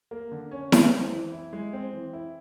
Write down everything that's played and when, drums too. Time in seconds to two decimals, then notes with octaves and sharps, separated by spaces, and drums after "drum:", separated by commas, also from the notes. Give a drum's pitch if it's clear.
0.11 A#3
0.31 D3
0.51 C#4
0.72 G#3, drum: snare E4
0.92 C4
1.12 E3
1.32 E4
1.53 G#3
1.73 C4
1.93 E3
2.13 E4